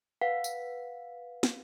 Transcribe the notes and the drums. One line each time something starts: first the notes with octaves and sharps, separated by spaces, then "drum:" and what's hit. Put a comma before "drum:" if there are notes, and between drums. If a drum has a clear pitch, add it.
B4 F5 F#5 B6
drum: tambourine
drum: snare